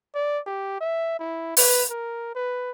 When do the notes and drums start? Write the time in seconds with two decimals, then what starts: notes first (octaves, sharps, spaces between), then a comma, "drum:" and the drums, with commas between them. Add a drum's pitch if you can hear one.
0.15 D5
0.46 G4
0.80 E5
1.19 E4
1.57 B4, drum: open hi-hat
1.90 A#4
2.35 B4